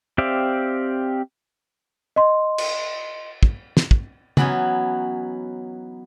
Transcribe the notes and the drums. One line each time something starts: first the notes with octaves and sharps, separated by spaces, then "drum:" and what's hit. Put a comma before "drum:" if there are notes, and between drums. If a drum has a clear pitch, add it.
C4 G4 D5 E5 F5
D#5 C6
drum: cymbal
drum: kick
drum: snare
drum: kick
E3 F#3 B3 C#4 D#4, drum: tom